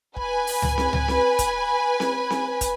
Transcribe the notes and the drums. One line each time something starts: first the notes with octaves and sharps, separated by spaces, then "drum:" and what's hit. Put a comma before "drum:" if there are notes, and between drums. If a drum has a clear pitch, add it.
B4 G#5, drum: kick
drum: open hi-hat
drum: tom C#2
drum: snare C4
drum: tom C#2
drum: snare C4
drum: kick, hi-hat
drum: snare C4
drum: snare C4
drum: kick, hi-hat